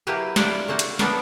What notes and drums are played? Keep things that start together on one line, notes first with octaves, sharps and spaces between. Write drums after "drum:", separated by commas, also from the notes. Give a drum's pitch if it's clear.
F#3 A#3 E4 G4 B4
G3 D4 E4 F4 D5 G5, drum: snare
A3 A#3 C5 F#5
drum: hi-hat
F3 A#3 B3 D4 A4, drum: snare